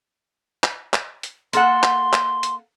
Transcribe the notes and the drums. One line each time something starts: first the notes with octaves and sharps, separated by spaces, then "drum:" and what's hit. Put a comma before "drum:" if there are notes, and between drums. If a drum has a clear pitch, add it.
drum: clap
drum: clap
drum: hi-hat
A#3 A4 F#5 C6, drum: hi-hat
drum: clap
drum: clap
drum: hi-hat